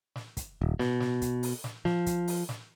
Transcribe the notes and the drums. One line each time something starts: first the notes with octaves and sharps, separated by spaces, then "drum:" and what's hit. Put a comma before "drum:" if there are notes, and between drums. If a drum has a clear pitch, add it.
drum: snare
drum: kick, hi-hat
D#1
B2, drum: snare
drum: snare
drum: kick, hi-hat
drum: open hi-hat
drum: snare
F3, drum: snare
drum: kick, hi-hat
drum: open hi-hat
drum: snare